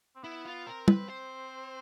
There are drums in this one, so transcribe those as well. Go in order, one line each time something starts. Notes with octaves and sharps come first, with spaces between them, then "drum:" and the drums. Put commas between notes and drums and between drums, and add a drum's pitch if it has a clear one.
C4
B3 E4
F4
C4 A#4
B4, drum: tom
C5